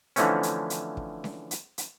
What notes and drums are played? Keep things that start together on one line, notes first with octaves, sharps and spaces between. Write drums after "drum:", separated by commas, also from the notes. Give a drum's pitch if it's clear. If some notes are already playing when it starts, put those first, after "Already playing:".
D3 E3 F3 A3 C4 C#4, drum: hi-hat
drum: hi-hat
drum: hi-hat
drum: kick
drum: snare C#4
drum: hi-hat
drum: hi-hat